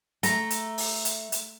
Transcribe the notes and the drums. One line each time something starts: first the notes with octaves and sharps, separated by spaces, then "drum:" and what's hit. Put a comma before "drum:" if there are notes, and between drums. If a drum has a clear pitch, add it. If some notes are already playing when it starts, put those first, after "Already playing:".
A3 A#5, drum: hi-hat
drum: hi-hat
drum: open hi-hat
drum: hi-hat
drum: hi-hat